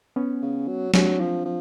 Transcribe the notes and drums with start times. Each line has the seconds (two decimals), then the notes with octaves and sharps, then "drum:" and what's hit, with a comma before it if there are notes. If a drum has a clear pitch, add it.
0.16 B3 C#4
0.42 C#3
0.68 F#3
0.94 F#3 C4 D4, drum: snare
1.20 F3
1.45 F3